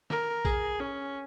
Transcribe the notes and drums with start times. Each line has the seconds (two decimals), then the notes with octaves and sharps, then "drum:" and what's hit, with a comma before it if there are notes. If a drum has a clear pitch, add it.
0.10 A#4, drum: snare
0.45 G#4, drum: kick A#1, tambourine
0.80 C#4